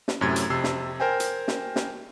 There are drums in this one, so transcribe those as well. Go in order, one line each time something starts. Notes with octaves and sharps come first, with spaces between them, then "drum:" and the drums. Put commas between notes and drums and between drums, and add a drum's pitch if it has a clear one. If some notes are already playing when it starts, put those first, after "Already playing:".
drum: snare
F#2 A2 C3 G#6 A6
drum: hi-hat
F2 C3 E6 C7
drum: snare
A#4 C5 G5 G#5
drum: hi-hat
drum: snare
drum: snare